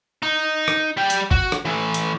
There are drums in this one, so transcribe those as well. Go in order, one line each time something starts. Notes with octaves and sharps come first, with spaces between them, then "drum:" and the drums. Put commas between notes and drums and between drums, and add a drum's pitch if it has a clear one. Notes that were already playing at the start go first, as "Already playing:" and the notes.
D#4
drum: rim click
G3 G5
drum: hi-hat
F#4, drum: kick
drum: rim click
A2 E3
drum: hi-hat